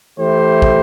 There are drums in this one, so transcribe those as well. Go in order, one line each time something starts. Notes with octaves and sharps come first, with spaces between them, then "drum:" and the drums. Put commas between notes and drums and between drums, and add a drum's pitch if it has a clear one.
E3 A3 E4 G4 C5
drum: kick